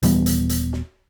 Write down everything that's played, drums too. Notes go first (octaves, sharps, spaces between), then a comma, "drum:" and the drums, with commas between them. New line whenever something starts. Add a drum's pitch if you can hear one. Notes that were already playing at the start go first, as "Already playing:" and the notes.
D#1 E3 G3 B3, drum: hi-hat
drum: hi-hat
drum: hi-hat
drum: snare